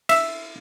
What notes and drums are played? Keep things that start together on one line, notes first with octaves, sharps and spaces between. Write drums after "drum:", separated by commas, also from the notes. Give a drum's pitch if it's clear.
E5, drum: cymbal